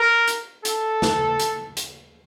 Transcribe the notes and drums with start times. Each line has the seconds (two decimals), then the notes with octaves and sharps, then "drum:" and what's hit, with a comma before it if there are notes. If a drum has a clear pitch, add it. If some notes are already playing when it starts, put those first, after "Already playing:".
Already playing: A#4
0.28 drum: hi-hat
0.65 A4, drum: hi-hat
1.02 drum: snare
1.40 drum: hi-hat
1.77 drum: hi-hat